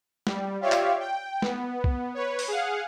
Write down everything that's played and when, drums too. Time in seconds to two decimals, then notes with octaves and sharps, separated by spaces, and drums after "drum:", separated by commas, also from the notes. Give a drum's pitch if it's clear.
0.27 G3, drum: snare
0.61 F4 G4 C#5 D5 E5 F5
0.72 drum: clap
0.99 G5
1.42 B3, drum: snare
1.84 drum: kick B1
2.14 B4 C#5
2.39 drum: open hi-hat
2.48 G#4 F5 F#5